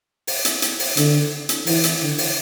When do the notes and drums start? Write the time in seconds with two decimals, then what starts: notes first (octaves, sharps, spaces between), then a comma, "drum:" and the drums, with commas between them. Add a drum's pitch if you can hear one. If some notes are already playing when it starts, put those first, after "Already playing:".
0.27 drum: open hi-hat
0.45 drum: hi-hat
0.62 drum: hi-hat
0.79 drum: open hi-hat
0.97 D3, drum: hi-hat
1.49 drum: hi-hat
1.67 E3, drum: open hi-hat
1.84 drum: hi-hat
2.01 D3
2.18 drum: open hi-hat